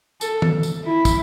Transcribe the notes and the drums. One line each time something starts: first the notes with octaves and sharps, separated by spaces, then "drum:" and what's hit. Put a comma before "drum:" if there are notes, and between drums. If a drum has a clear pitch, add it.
A4, drum: tambourine
drum: tom
drum: tambourine
E4
drum: kick, tambourine